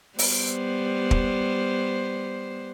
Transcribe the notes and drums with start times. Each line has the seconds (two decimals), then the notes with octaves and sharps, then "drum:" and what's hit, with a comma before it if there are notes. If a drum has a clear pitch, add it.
0.19 G3 B3 C5, drum: open hi-hat
1.11 drum: kick